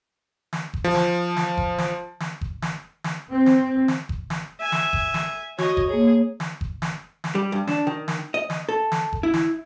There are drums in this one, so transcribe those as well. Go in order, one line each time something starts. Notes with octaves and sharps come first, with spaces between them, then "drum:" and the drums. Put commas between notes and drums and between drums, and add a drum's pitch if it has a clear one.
drum: snare
drum: kick F#1
F3
drum: snare
drum: snare
drum: kick F#1
drum: snare
drum: snare
drum: kick F#1
drum: snare
drum: snare
C4
drum: snare
drum: snare
drum: kick F#1
drum: snare
E5 G#5
drum: snare
drum: kick F#1
drum: snare
F#4 C#5 D#5, drum: snare
drum: kick F#1
A#3 G#4 C#5
drum: snare
drum: kick F#1
drum: snare
drum: snare
G3
G2
D4, drum: snare
D#3
drum: snare
D#5
drum: snare
A4
drum: snare
drum: kick F#1
E4
drum: snare